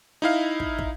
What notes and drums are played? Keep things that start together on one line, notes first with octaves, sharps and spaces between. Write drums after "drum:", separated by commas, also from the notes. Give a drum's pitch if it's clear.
D#4 E4 F5
drum: kick
drum: kick